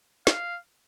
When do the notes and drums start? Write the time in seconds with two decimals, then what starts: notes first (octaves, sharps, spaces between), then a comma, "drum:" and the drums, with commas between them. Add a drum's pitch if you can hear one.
0.27 F5, drum: snare